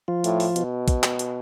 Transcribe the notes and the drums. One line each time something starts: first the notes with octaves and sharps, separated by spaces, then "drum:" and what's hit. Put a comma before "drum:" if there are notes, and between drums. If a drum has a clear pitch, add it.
F3 F4
A2, drum: hi-hat
drum: open hi-hat
B2, drum: hi-hat
drum: kick, hi-hat
drum: clap
drum: hi-hat